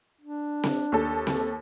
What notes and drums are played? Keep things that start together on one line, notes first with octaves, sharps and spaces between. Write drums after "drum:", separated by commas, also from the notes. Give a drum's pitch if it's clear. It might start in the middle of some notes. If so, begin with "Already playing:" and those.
D4
drum: snare C4
D#2 A4
drum: snare C4